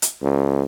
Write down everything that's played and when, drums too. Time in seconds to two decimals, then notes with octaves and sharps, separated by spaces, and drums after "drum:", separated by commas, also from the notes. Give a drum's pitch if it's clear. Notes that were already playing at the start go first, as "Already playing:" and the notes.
0.02 drum: hi-hat
0.23 C#2